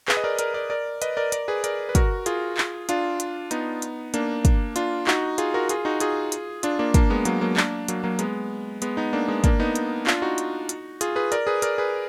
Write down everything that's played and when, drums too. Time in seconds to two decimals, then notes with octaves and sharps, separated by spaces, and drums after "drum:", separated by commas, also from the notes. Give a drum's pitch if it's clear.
0.08 G#4 B4, drum: clap
0.17 D#5
0.24 A#4 D5
0.39 A#4 D5, drum: hi-hat
0.54 A#4 D5
0.70 A#4 D5
1.02 B4 D#5, drum: hi-hat
1.17 A#4 D5
1.32 A#4 D5, drum: hi-hat
1.48 G#4 B4
1.64 A#4 D5, drum: hi-hat
1.89 B4
1.95 F#4 A#4, drum: kick, hi-hat
2.26 F4 G#4, drum: hi-hat
2.57 drum: clap
2.89 D4 F4, drum: hi-hat
3.20 drum: hi-hat
3.51 B3 D#4, drum: hi-hat
3.82 drum: hi-hat
4.14 A#3 D4, drum: hi-hat
4.45 drum: kick, hi-hat
4.76 D4 F4, drum: hi-hat
5.07 D#4 F#4, drum: clap
5.38 F4 G#4, drum: hi-hat
5.54 F#4 A#4
5.69 F4 G#4, drum: hi-hat
5.85 D#4 F#4
6.00 F4 G#4, drum: hi-hat
6.32 drum: hi-hat
6.63 D4 F4, drum: hi-hat
6.79 A#3 D4
6.94 A#3 D4, drum: kick, hi-hat
7.10 G#3 B3
7.25 F#3 A#3, drum: hi-hat
7.41 F#3 A#3
7.57 A#3 D4, drum: clap
7.88 F#3 A#3, drum: hi-hat
8.04 F#3 A#3
8.19 G#3 B3, drum: hi-hat
8.82 G#3 B3, drum: hi-hat
8.97 B3 D#4
9.13 A#3 D4
9.28 G#3 B3
9.44 A#3 D4, drum: kick, hi-hat
9.60 B3 D#4
9.75 drum: hi-hat
10.07 D4 F4, drum: clap
10.22 D#4 F#4
10.38 drum: hi-hat
10.69 drum: hi-hat
11.01 F4 G#4, drum: hi-hat
11.16 G#4 B4
11.32 A#4 D5, drum: hi-hat
11.47 G#4 B4
11.62 A#4 D5, drum: hi-hat
11.78 G#4 B4